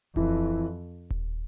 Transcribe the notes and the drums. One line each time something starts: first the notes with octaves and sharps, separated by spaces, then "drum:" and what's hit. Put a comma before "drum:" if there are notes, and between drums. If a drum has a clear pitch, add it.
F2 E3, drum: kick D#1
drum: kick D#1